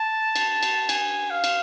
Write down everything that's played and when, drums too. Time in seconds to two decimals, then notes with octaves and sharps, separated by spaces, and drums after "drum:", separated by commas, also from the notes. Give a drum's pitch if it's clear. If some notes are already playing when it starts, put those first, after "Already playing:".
Already playing: A5
0.36 drum: cymbal
0.63 drum: cymbal
0.89 G#5, drum: cymbal
1.30 F5
1.44 drum: cymbal